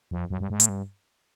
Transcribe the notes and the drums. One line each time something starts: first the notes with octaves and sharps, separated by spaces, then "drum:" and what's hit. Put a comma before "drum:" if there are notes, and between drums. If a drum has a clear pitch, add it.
F2
F#2
G2
G#2
A2, drum: hi-hat
G2